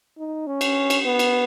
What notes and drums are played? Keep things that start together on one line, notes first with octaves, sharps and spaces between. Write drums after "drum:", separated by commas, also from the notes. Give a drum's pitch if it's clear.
D#4
C#4
drum: cymbal
drum: cymbal
B3
drum: cymbal